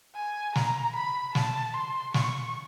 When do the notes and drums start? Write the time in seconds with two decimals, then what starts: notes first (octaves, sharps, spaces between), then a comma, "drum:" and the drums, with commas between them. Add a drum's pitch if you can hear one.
0.15 G#5
0.56 A#5, drum: snare
0.95 B5
1.35 A5, drum: snare
1.74 C6
2.14 C#6, drum: snare